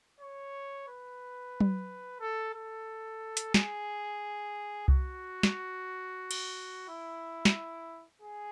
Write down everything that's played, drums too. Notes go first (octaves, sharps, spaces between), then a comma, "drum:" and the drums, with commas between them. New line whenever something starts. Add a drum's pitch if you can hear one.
C#5
B4
drum: tom F#3
A4
A4
drum: hi-hat
G#4, drum: snare
F#4, drum: kick C2
drum: snare
drum: cymbal
E4
drum: snare
G#4